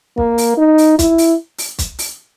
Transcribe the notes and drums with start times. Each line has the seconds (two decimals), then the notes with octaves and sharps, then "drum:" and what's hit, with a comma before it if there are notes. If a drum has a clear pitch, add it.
0.18 A#3, drum: kick
0.38 drum: open hi-hat
0.57 D#4
0.78 drum: open hi-hat
0.99 E4, drum: kick, hi-hat
1.18 drum: open hi-hat
1.58 drum: open hi-hat
1.79 drum: kick, hi-hat
1.99 drum: open hi-hat